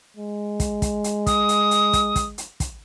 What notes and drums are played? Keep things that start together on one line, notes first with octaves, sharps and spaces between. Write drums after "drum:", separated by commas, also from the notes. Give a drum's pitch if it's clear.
G#3
drum: kick, hi-hat
drum: kick, hi-hat
drum: hi-hat
D#6, drum: kick, hi-hat
drum: hi-hat
drum: hi-hat
drum: kick, hi-hat
drum: kick, hi-hat
drum: hi-hat
drum: kick, hi-hat